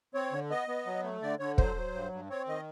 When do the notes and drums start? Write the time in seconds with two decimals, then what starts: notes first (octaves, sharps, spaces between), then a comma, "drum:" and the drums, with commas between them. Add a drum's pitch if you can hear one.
0.14 C4 C#5
0.32 D3
0.50 B3 D#5
0.68 B3
0.86 F#3
1.03 A3
1.22 D3 D5
1.39 D3 C#5
1.58 F#3 C5, drum: kick
1.76 F#3
1.94 G2
2.12 G2
2.30 C4 C#5
2.48 D#3 D#5